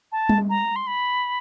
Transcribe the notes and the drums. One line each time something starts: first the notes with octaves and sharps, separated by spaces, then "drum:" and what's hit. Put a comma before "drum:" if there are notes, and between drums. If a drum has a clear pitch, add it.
A5
drum: tom G3
A#5
C6
B5